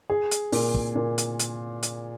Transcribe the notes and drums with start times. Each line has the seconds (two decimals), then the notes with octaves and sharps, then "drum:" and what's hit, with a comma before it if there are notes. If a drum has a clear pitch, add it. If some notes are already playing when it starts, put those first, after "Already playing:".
0.10 G#4
0.31 drum: hi-hat
0.52 A#2, drum: open hi-hat
0.74 drum: kick
0.96 A#2
1.18 drum: hi-hat
1.39 drum: hi-hat
1.83 drum: hi-hat